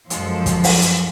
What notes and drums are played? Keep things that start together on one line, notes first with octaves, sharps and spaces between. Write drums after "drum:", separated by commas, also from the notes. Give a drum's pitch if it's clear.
F#2 F3 G#3 A4, drum: hi-hat
drum: kick, hi-hat
drum: open hi-hat
drum: hi-hat